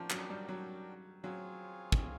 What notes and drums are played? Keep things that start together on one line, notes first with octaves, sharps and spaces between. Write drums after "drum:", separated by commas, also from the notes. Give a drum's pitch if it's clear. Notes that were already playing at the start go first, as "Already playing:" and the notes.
Already playing: F3 D4 F#4 A#4 D5 G5
F#3, drum: clap
G3
F#3
F#3 C4 F4 G#4 C#5 F5
drum: kick